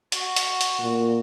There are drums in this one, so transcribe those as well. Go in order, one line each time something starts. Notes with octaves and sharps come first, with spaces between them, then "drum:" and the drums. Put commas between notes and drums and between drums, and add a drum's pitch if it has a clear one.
F#4, drum: hi-hat
drum: hi-hat
drum: hi-hat
A#2